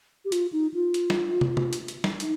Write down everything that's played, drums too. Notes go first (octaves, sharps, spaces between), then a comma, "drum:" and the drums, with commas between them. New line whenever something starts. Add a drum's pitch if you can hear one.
G4
F4, drum: hi-hat
D#4
F4
drum: hi-hat
drum: snare
drum: tom
drum: tom
drum: hi-hat
drum: hi-hat
drum: snare
D#4, drum: hi-hat